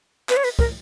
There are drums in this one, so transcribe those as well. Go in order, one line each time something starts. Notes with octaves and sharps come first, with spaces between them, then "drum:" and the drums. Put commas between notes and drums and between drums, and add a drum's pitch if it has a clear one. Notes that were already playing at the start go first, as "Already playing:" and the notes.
B4, drum: clap
C#5
B4, drum: open hi-hat
A#4, drum: kick